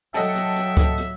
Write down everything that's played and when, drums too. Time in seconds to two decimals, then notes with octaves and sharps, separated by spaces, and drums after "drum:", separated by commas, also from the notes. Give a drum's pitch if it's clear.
0.14 F#3 A4 D#5 E5 F#5 G5, drum: hi-hat
0.35 drum: hi-hat
0.56 drum: hi-hat
0.77 drum: kick C#2, hi-hat
0.98 drum: hi-hat